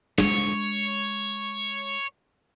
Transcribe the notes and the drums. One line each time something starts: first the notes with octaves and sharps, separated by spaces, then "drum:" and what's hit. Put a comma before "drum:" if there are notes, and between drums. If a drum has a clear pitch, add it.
G#3 D4 C#5, drum: snare